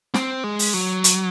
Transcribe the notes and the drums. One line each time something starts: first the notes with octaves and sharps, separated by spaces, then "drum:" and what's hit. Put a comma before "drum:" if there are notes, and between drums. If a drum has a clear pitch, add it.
C4, drum: snare
G#3
drum: open hi-hat
F#3
drum: hi-hat